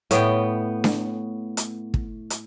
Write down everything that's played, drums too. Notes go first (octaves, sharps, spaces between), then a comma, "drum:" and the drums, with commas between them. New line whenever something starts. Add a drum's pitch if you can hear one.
A2 B3 G5, drum: hi-hat
drum: snare D4
drum: hi-hat
drum: kick
drum: hi-hat